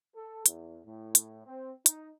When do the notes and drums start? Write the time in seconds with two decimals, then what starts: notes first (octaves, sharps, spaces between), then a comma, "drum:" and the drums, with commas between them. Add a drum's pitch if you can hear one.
0.15 A4
0.46 E2, drum: hi-hat
0.86 A2
1.15 drum: hi-hat
1.46 C4
1.86 D#4, drum: hi-hat